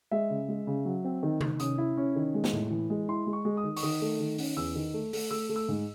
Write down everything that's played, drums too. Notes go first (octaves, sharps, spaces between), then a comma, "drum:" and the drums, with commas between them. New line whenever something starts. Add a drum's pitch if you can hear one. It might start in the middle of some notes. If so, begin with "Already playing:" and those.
G#3 E5
C#3
G#3
C#3
F#3
C4
D#3
D#3, drum: tom C3
C#4 D#6, drum: hi-hat
E4
C#4
D#3
G#3
drum: snare
A2
E3
G#3
E4 C6
G#3
C#6
G#3
D#6
D#3
C#6, drum: open hi-hat
D#3 D#6
A3
D#3
C#4, drum: open hi-hat
E2 E6
D#3
A3
A3, drum: open hi-hat
A3 E6
A3
E6
G#2